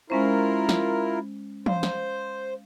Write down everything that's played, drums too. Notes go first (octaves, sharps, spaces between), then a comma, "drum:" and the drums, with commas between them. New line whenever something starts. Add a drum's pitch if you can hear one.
G#3 C#4 E4 F4 A#4 C5
drum: snare
C5 F5, drum: tom
drum: snare